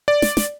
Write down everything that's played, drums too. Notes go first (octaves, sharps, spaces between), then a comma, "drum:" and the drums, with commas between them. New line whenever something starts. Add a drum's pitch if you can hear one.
D5
drum: snare
drum: snare